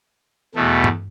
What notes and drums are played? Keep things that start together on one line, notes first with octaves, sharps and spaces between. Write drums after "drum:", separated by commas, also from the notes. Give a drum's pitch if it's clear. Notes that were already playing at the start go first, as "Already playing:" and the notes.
E2 B2 A3
drum: tom G2